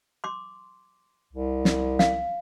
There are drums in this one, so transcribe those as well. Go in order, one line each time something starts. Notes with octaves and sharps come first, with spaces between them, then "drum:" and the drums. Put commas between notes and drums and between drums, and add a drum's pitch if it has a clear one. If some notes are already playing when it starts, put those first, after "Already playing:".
C6 D6
C2
drum: snare
F5, drum: snare